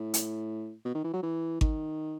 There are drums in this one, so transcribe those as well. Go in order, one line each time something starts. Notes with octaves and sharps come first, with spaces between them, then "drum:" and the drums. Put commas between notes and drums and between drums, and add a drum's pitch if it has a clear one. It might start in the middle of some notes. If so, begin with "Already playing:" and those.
Already playing: A2
drum: hi-hat
B2
D#3
E3
F#3
E3
D#3, drum: kick G#1